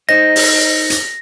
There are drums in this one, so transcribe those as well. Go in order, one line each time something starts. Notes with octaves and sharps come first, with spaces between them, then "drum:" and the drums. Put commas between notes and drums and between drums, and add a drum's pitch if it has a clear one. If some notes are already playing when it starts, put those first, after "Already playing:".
D#4 C5 D#5 A#6
drum: open hi-hat
drum: hi-hat